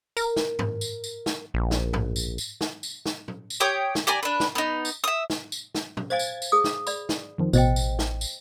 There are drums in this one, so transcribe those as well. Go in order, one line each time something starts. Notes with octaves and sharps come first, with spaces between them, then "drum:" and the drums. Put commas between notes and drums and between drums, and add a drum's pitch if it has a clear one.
A#4, drum: tambourine
drum: snare
drum: tom G2
drum: tambourine
drum: tambourine
drum: snare
A#1
drum: snare
drum: tom G2
drum: tambourine
drum: tambourine
drum: snare
drum: tambourine
drum: snare
drum: tom
drum: tambourine
G4 C#5 G5 D#6
drum: snare
G4 D5 G#5 A#5
D4 B4
drum: snare
B3 D#4
drum: tambourine
E5 D#6
drum: snare
drum: tambourine
drum: snare
drum: tom
C5 F5 G#5 G#6 A6
drum: tambourine
drum: tambourine
G#4 D#6
drum: snare
D5 B5, drum: tambourine
drum: snare
F2 D#3 F3
A1 B2 C5 D#5 G5, drum: tambourine
drum: tambourine
drum: snare
drum: tambourine